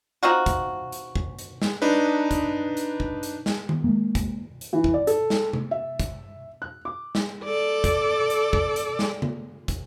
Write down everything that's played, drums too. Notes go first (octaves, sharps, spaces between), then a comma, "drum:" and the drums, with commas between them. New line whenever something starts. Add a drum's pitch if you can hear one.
C4 D#4 F4 F#4
drum: kick, hi-hat
drum: hi-hat
drum: kick
drum: hi-hat
drum: snare
D4 D#4 B4
drum: kick, hi-hat
drum: hi-hat
drum: kick
drum: hi-hat
drum: snare
drum: tom D#3
G#3 A#3
drum: kick, hi-hat
drum: hi-hat
E3
drum: kick
D5
A4, drum: hi-hat
drum: snare
drum: tom C3
E5
drum: kick, hi-hat
F#6
D6
drum: snare
A4 D5
drum: kick, hi-hat
drum: hi-hat
drum: kick
drum: hi-hat
drum: snare
drum: tom C#3
drum: kick, hi-hat